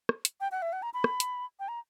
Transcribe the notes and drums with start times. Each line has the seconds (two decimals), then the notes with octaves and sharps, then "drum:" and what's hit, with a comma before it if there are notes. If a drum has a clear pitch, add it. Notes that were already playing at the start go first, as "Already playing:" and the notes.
0.09 drum: rim click
0.25 drum: hi-hat
0.41 G5
0.52 F#5
0.62 E5
0.73 F#5
0.83 A#5
0.94 B5
1.04 drum: rim click
1.20 drum: hi-hat
1.60 G5
1.68 A#5